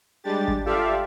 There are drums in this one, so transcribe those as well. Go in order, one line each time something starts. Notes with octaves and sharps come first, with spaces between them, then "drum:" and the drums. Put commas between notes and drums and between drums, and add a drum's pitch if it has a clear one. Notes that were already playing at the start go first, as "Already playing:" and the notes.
G3 G#3 D4 G4 A6
drum: kick G#1
F4 G4 A4 D5 E5 F5